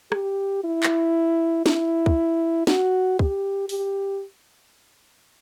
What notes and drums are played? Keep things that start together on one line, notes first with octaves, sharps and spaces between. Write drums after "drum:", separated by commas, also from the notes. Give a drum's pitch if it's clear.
G4, drum: rim click
E4
drum: clap
E4, drum: snare
drum: kick
F#4, drum: snare
G4, drum: kick
G4, drum: open hi-hat